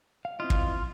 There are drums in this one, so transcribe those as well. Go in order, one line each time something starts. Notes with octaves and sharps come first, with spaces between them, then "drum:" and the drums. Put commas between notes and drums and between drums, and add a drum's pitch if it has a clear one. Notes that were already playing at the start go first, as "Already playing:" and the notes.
F5
C4 E4 F4 D#5
drum: kick